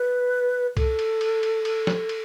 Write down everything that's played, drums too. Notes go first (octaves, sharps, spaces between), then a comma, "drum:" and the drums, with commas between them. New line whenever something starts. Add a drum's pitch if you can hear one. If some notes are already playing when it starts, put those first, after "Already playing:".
Already playing: B4
A4, drum: kick C2, cymbal
drum: cymbal
drum: cymbal
drum: cymbal
drum: cymbal
drum: snare
drum: cymbal